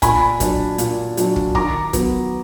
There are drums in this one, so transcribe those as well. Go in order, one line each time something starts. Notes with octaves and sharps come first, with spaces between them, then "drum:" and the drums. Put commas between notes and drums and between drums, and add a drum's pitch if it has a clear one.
A#2 G#5 B5, drum: kick, hi-hat
F#3 D4, drum: kick, hi-hat
A#2, drum: hi-hat
F#3 D4, drum: hi-hat
drum: kick
D#3 A#5 D6, drum: kick
F#3 B3, drum: kick, hi-hat